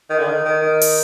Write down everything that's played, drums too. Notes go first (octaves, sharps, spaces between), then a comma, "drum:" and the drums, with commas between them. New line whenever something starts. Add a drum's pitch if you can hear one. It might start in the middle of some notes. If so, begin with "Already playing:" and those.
D#3
D3
D#3
D#3
D#3
drum: open hi-hat